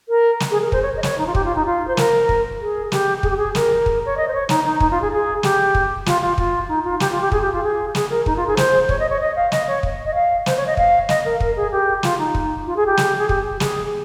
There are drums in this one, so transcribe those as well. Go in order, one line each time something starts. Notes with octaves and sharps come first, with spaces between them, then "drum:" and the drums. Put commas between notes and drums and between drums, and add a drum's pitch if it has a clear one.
A#4
drum: snare
G#4
A#4
C5, drum: kick
C#5
D#5
C#5, drum: snare
D#4
F4
G4, drum: kick
F4
D#4
F4
C5
A#4, drum: snare
drum: kick
G#4
G4, drum: snare
G#4, drum: kick
G4
G#4
A#4, drum: snare
drum: kick
C#5
D#5
C5
C#5
D#4, drum: snare
D#4
D#4, drum: kick
F4
G#4
G#4
G4, drum: snare
drum: kick
F4, drum: snare
F4
F4, drum: kick
D#4
F4
G4, drum: snare
F4
G4
G#4, drum: kick
G4
F4
G#4
G#4, drum: snare
A#4
D#4, drum: kick
F4
G#4
C5, drum: snare
C#5, drum: kick
D#5
C#5
D#5
F5
D#5, drum: snare
C#5
drum: kick
D#5
F5
C5, drum: snare
C#5
D#5
F5, drum: kick
D#5, drum: snare
A#4
A#4, drum: kick
G#4
G4
F4, drum: snare
D#4
drum: kick
F4
G#4
G4
drum: snare
G#4
G4, drum: kick
G4
G#4, drum: snare